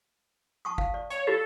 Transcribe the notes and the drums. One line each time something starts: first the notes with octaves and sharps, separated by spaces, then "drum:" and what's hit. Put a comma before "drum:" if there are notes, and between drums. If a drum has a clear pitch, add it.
A5 C#6 D#6
F5, drum: kick G1
D5
C#5, drum: hi-hat
F4 G4 A4